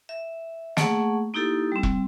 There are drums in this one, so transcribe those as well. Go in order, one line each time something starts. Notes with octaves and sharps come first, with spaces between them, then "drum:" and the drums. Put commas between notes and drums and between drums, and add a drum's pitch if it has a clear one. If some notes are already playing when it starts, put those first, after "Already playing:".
E5
A3 A#3 G#4 F#5 C#6, drum: snare
A#3 D#4 E4 G4 A4
G3 C4
drum: kick E1